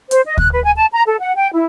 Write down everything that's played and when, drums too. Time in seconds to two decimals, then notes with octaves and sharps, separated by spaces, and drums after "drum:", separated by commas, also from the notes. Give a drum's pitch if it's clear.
0.11 C5, drum: hi-hat
0.26 D#5
0.37 F#6, drum: kick D2
0.52 B4
0.64 G#5
0.76 A5
0.93 A#5
1.07 A4
1.19 F#5
1.35 G5
1.54 E4